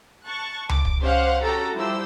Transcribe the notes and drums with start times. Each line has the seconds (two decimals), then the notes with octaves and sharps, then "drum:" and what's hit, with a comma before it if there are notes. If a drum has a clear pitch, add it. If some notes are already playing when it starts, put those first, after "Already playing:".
0.25 A5 C#6 F#6
0.69 D6, drum: tom C#2
0.85 drum: kick
1.02 C#4 G4 C5 F5 F#5
1.42 C#4 F#4 G4 A4 A#5
1.75 F3 G3 E4 G4 C5 E6